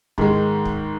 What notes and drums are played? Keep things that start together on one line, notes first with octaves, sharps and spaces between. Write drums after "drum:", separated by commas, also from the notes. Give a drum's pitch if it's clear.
G#2 D#3 G#3, drum: kick
drum: kick